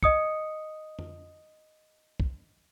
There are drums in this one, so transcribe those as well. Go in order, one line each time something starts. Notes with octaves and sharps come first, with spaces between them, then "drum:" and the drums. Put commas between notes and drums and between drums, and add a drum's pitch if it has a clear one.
D#5 D#6 C#7, drum: kick
drum: tom F2
drum: kick